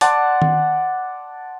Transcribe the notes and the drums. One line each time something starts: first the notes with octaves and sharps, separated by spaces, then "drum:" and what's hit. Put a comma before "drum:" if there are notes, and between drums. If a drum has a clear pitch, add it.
D5 F#5 A5 C6, drum: hi-hat
drum: tom D#3